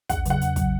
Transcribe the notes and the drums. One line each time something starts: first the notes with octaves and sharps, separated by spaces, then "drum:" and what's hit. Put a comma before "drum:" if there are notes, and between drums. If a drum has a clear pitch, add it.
E2 F#5, drum: kick, hi-hat
C#3 F#3 F#5, drum: hi-hat
E2, drum: hi-hat
C#3 F#3, drum: kick, hi-hat